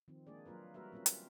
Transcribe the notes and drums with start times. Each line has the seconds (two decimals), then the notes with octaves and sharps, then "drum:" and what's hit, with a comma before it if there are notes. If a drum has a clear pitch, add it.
0.08 D#3 F3 C4
0.27 G#3 A#3 D4 G#4 D5
0.46 F#3 A#3 F4 A#4 B4
0.74 G3 A#3 F#4 A#4 B4 E5
0.92 G3 A#3 C4 C#4 F4 A#4
1.06 drum: hi-hat